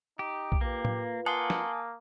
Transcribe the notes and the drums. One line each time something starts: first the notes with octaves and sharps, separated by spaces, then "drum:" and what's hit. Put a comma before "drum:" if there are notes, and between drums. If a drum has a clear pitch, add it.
D#4 G4
drum: kick
A#3 F4 G4 B4
drum: tom A2
A#3 F#5 G#5 A5 C6 D#6
drum: snare